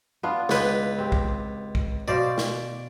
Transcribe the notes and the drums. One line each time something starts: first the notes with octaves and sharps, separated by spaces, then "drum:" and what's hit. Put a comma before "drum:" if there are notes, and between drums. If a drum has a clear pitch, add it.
B3 D4 F4
C#2 B4, drum: snare
C4 G4
drum: kick
drum: kick
B2 C5 D5 F5
drum: snare